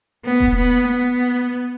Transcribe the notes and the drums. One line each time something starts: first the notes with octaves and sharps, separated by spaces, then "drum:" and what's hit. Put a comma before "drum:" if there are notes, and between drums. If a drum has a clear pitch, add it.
B3
drum: kick E1
B3
B3